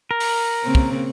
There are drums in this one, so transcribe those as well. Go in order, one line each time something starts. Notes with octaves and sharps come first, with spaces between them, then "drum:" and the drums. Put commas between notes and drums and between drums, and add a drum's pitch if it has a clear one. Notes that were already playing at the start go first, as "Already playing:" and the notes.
A#4
drum: open hi-hat
C#3 A#3 C4
drum: kick